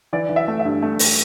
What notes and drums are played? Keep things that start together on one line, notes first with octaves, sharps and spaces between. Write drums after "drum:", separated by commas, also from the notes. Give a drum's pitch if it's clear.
E3 D5
E3
E5
A3
E5
G2
A3
drum: open hi-hat